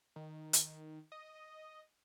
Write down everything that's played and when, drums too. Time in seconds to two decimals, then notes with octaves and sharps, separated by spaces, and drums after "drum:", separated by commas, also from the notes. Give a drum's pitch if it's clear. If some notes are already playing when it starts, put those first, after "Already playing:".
0.16 D#3
0.53 drum: hi-hat
1.12 D#5